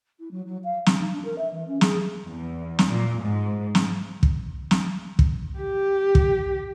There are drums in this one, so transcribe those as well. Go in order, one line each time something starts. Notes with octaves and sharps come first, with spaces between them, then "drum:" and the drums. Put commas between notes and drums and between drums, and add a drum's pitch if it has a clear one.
E4
F#3
F#3
F5
C#3, drum: snare
D#4
D4
A#4
E5
E3
C#4
G#4, drum: snare
E2
drum: snare
A#2
G#2
drum: snare
drum: kick
drum: snare
drum: kick
G4
drum: kick